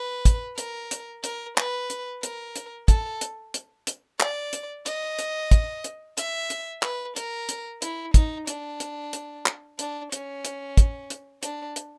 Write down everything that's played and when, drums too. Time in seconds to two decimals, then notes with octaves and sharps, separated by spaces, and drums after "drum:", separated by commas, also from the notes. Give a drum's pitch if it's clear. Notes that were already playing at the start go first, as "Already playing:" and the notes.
Already playing: B4
0.25 drum: kick, hi-hat
0.58 A#4, drum: hi-hat
0.91 drum: hi-hat
1.24 A#4, drum: hi-hat
1.58 B4, drum: clap
1.90 drum: hi-hat
2.23 A#4, drum: hi-hat
2.56 drum: hi-hat
2.88 A4, drum: kick, hi-hat
3.21 drum: hi-hat
3.54 drum: hi-hat
3.87 drum: hi-hat
4.20 D5, drum: clap
4.53 drum: hi-hat
4.86 D#5, drum: hi-hat
5.19 drum: hi-hat
5.51 drum: kick, hi-hat
5.84 drum: hi-hat
6.18 E5, drum: hi-hat
6.50 drum: hi-hat
6.83 B4, drum: clap
7.16 A#4, drum: hi-hat
7.49 drum: hi-hat
7.82 E4, drum: hi-hat
8.14 D#4, drum: kick, hi-hat
8.47 D4, drum: hi-hat
8.80 drum: hi-hat
9.13 drum: hi-hat
9.46 drum: clap
9.79 D4, drum: hi-hat
10.12 C#4, drum: hi-hat
10.45 drum: hi-hat
10.77 drum: kick, hi-hat
11.10 drum: hi-hat
11.43 D4, drum: hi-hat
11.76 drum: hi-hat